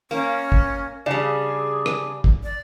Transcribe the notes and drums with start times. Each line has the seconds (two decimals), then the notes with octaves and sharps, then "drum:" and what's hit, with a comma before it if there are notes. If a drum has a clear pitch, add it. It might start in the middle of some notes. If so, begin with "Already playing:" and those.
0.11 A#3 C#4
0.52 drum: kick
1.06 C#3 G3 D4 G#4
1.86 drum: rim click
2.24 drum: kick
2.43 D5